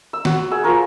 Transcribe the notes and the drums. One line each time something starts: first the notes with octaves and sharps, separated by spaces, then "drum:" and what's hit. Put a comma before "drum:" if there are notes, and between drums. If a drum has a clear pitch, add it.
E6
F#4, drum: snare
G#4 E6
F3 A#4 C#6